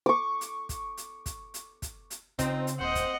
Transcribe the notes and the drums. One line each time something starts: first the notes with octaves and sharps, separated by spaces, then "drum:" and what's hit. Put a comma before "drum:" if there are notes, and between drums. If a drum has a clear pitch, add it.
C#6 D6
drum: hi-hat
drum: kick, hi-hat
drum: hi-hat
drum: kick, hi-hat
drum: hi-hat
drum: kick, hi-hat
drum: hi-hat
C#3 C4 D#4 F4, drum: kick, hi-hat
drum: hi-hat
D#1 C5 D#5 F#5
drum: kick, hi-hat